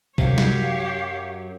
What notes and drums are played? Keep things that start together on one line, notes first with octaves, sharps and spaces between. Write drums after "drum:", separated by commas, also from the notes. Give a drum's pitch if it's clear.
F#2 C3 F#3 G4 C#5 F5, drum: kick B1
drum: snare